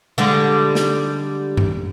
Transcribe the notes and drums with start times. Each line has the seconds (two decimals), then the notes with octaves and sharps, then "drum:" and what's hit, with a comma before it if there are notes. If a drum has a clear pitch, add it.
0.18 D3 G3 G#3
0.75 drum: snare
1.57 drum: tom F#2